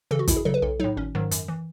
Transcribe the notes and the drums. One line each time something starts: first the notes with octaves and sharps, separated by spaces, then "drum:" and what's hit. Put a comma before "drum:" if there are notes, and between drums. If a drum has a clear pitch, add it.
C#3 E3 A4
F#4
F#2 E4, drum: kick, hi-hat
G#4
C#3 F#3 A4
B4
B1 A4
A2 F#3 D#4
G#1 C#4
G#2 D#3 F#3
F#2, drum: hi-hat
E3